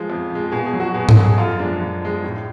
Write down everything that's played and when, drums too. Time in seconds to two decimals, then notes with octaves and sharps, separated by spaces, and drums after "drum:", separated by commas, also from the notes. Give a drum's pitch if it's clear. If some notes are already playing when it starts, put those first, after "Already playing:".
Already playing: F3 G#3
0.10 F2
0.30 F3
0.35 G#3
0.52 B2 G#4
0.66 G#4
0.73 F#3
0.80 F#4
0.94 B2 G#4
1.09 A4, drum: tom G#2
1.16 F#3
1.24 G#4
1.38 F#2 F4
1.60 F3 G#3 D4
1.80 F#2
2.02 F3 G#3
2.24 A2